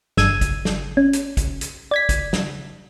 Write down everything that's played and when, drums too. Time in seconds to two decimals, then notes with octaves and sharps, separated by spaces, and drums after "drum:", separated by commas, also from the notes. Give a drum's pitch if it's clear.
0.17 G1 E6 G#6 D#7, drum: snare
0.41 drum: kick, hi-hat
0.65 drum: snare
0.97 C#4
1.13 drum: hi-hat
1.37 drum: kick, hi-hat
1.61 drum: hi-hat
1.91 D5 G#6 B6
2.09 drum: kick, hi-hat
2.33 drum: snare